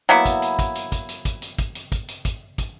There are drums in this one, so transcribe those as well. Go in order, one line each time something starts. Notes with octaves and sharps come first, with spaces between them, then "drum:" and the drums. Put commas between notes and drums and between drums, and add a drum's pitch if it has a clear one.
F#3 A#3 B3 E4
drum: kick, hi-hat
drum: hi-hat
drum: kick, hi-hat
drum: hi-hat
drum: kick, hi-hat
drum: hi-hat
drum: kick, hi-hat
drum: hi-hat
drum: kick, hi-hat
drum: hi-hat
drum: kick, hi-hat
drum: hi-hat
drum: kick, hi-hat
drum: kick, hi-hat